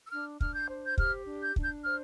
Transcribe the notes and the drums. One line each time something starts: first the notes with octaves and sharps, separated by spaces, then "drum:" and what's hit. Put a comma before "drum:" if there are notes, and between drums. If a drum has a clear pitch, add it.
E6
D4 F6
D4 F6, drum: kick
G6
C5
G6
G4 F6, drum: kick
D4
G6
D4, drum: kick
G6
C5 F6